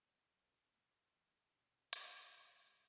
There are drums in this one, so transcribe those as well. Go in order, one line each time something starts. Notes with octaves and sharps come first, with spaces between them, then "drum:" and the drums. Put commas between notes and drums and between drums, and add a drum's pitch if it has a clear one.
B1
B2 A3
B1 E3
A2 C3
G2 C#3, drum: hi-hat
C3 D#3 G3